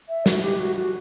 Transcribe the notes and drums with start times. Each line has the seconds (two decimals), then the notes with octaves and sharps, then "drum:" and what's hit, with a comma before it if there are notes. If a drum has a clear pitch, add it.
0.09 E5
0.26 F#4, drum: snare
0.42 G4
0.59 F#4
0.76 F#4